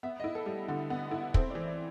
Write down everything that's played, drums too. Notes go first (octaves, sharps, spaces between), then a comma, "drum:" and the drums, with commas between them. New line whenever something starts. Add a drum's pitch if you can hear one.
B3 E5
D#5
E4
A4
G3
D3
B3
E4
C4 A4, drum: kick
D5
E3
D5